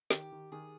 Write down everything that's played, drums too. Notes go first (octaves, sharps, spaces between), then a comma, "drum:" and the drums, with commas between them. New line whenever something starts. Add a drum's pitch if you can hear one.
D#3 G4, drum: snare
D#3
D#3 G#4